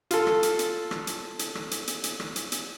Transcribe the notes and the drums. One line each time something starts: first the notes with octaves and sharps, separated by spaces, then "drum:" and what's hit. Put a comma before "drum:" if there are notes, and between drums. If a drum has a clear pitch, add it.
F4 A4, drum: hi-hat
drum: rim click
drum: hi-hat
drum: hi-hat
drum: rim click
drum: hi-hat
drum: hi-hat
drum: rim click
drum: hi-hat
drum: hi-hat
drum: hi-hat
drum: rim click
drum: hi-hat
drum: hi-hat